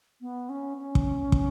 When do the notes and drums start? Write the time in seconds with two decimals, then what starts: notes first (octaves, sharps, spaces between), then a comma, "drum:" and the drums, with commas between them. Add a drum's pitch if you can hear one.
0.21 B3
0.49 C#4
0.77 C#4
0.95 drum: kick
1.32 drum: kick